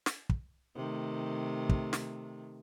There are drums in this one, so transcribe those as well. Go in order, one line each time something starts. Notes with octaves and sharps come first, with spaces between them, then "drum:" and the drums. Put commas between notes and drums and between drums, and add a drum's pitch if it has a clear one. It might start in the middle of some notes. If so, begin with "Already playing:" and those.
drum: snare
drum: kick
C3 D#3 A3
drum: kick
drum: snare